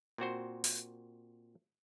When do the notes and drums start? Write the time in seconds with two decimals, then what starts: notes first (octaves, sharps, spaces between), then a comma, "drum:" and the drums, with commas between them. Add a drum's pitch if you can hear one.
0.18 A#2 C4 F#4 C5
0.64 drum: open hi-hat